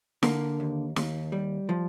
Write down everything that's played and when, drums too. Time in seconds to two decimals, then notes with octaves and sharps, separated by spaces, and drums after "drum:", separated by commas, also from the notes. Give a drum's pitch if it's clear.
0.23 D3 A#3 A#4, drum: snare
0.60 D#2
0.96 D#2, drum: snare
1.32 G3
1.69 F3